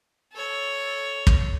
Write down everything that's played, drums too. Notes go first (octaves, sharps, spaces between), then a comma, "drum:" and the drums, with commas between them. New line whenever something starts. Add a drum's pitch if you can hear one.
A4 C#5
drum: kick